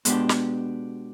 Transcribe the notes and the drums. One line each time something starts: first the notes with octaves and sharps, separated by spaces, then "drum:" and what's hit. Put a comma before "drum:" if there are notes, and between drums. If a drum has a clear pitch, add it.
B2 G#3 B3 D4 G4, drum: hi-hat
drum: snare